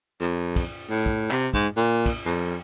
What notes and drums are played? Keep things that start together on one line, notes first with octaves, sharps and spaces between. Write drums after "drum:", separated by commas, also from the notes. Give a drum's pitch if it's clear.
F2
drum: kick, cymbal
A2
drum: kick
C3, drum: clap
G#2, drum: kick
A#2
drum: kick, cymbal
F2